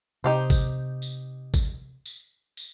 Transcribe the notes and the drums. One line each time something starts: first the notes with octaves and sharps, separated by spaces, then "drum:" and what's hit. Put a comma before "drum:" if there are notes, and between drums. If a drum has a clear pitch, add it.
C3 D#4 G4 C5
drum: kick G#1, tambourine
drum: tambourine
drum: kick G#1, tambourine
drum: tambourine
drum: tambourine